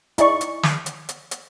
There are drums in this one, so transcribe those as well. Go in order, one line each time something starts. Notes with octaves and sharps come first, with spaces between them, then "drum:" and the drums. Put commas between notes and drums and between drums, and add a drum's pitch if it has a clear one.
D#4 E4 G#4 D5 C#6, drum: hi-hat
drum: hi-hat
drum: snare
drum: hi-hat
drum: hi-hat
drum: hi-hat